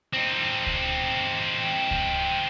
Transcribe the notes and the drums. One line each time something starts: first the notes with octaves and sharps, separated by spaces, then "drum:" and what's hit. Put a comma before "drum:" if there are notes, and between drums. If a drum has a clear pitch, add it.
C4 D#4
drum: kick C#2
drum: kick C#2